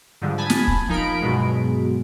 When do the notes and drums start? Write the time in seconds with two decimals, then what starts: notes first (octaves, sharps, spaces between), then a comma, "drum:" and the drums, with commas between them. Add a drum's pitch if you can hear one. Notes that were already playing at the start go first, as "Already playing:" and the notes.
0.21 G#2 D3 F3 G3
0.38 G#5 A5 B5
0.50 drum: snare
0.68 drum: kick
0.88 F3 D#4 A#4 B5 D7
1.21 G2 B2 F#3 G#3